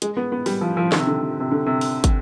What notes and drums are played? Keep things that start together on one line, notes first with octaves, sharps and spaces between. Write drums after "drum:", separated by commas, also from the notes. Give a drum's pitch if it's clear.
G#3, drum: hi-hat
B3
B3
G3, drum: open hi-hat
F3
F3
D#3, drum: snare
C3
D3
C3
C3
D3
C3
drum: open hi-hat
drum: kick, hi-hat